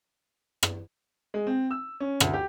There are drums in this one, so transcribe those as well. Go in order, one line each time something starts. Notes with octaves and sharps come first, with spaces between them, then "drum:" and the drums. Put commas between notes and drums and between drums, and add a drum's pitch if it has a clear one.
drum: rim click
G#3
C4
E6
C#4
D2, drum: rim click
G4